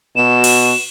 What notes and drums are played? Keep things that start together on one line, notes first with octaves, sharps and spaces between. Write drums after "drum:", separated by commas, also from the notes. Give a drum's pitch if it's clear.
B2 F#4 E7
drum: cymbal